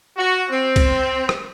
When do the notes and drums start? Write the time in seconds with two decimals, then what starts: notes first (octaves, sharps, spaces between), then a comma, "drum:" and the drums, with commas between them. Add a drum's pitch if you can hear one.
0.17 F#4
0.49 C4
0.76 drum: kick C2, cymbal
1.29 drum: rim click